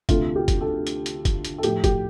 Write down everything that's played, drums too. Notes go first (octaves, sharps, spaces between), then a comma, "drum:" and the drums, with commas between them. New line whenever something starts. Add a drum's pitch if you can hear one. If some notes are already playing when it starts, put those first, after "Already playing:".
D2 C3 A3 F4, drum: kick, hi-hat
G4
drum: kick, hi-hat
A4
drum: hi-hat
drum: hi-hat
drum: kick, hi-hat
drum: hi-hat
A4
A2 F3 A3 G4, drum: hi-hat
G4, drum: kick, hi-hat